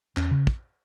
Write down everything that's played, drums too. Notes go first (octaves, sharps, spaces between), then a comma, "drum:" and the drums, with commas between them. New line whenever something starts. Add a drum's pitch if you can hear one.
E2 C#4, drum: clap
C#3
drum: kick